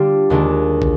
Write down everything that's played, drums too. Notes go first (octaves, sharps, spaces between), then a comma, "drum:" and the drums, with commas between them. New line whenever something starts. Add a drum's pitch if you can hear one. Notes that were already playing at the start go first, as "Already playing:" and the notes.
Already playing: D3 G3 D4 F4
D#2 D3 G#3 D4
drum: kick